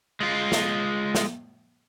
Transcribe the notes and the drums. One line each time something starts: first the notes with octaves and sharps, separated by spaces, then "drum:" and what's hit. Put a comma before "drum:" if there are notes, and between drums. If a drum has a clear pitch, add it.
G#3 F4
drum: snare
drum: snare